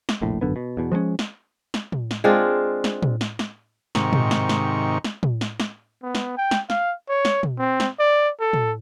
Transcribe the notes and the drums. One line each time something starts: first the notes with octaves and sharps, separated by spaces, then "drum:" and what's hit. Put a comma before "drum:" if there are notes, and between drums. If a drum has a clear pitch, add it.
drum: snare
F1 A#1 A2
G#1 F#2 D3 B3
B2
E2 B2
F3 G#3 A3 C#4
drum: snare
drum: snare
drum: tom
drum: snare
G#3 C4 D4 F4
drum: snare
drum: tom
drum: snare
drum: snare
G#2 C3 D#3 C#6, drum: snare
drum: tom
drum: snare
drum: snare
drum: snare
drum: tom
drum: snare
drum: snare
B3
drum: snare
G5
drum: snare
F5, drum: snare
C#5
drum: snare
drum: tom
C4
drum: snare
D5
A4
drum: tom